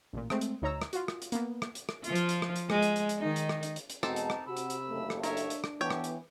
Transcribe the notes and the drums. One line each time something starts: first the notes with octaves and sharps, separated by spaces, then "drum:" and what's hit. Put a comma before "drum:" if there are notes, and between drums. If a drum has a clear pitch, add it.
A1 A#2
G#3 A3 C4, drum: rim click
drum: hi-hat
D2 D#4 C#5 A#5 E6
drum: rim click
F4 F#4, drum: hi-hat
drum: rim click
drum: hi-hat
A#3 B3, drum: hi-hat
drum: rim click
drum: hi-hat
drum: rim click
F3 F4, drum: hi-hat
drum: hi-hat
drum: hi-hat
drum: rim click
drum: hi-hat
G#3, drum: rim click
drum: hi-hat
drum: hi-hat
drum: hi-hat
D#3 D#4
drum: hi-hat
drum: rim click
drum: hi-hat
drum: hi-hat
drum: hi-hat
E2 G#2 B2 C4 D#4 A4 D#5 A5, drum: rim click
drum: hi-hat
drum: rim click
C3 F#4 B5 E6
drum: hi-hat
drum: hi-hat
F#1 D#2 A3
drum: rim click
D4 A#4 C#5 E5, drum: hi-hat
drum: hi-hat
drum: hi-hat
drum: rim click
E3 B3 G4 A4 C#5 G5
drum: rim click
drum: hi-hat